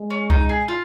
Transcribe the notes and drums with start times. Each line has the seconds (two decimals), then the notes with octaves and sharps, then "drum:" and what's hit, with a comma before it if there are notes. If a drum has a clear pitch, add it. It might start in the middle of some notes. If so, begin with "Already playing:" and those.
Already playing: G#3
0.10 C#4
0.30 D#4, drum: kick C2
0.49 G#4
0.68 F4